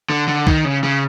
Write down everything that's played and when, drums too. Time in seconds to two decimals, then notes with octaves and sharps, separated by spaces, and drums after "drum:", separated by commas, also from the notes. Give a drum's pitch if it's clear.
0.10 D3
0.28 D3
0.47 D#3, drum: kick
0.65 C#3
0.83 C#3